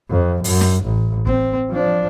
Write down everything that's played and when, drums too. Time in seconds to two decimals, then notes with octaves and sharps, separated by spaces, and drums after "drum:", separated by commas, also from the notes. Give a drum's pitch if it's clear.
0.10 F2
0.44 F#2, drum: open hi-hat
0.61 drum: snare
0.84 A1
1.27 C4, drum: kick
1.71 F3 D4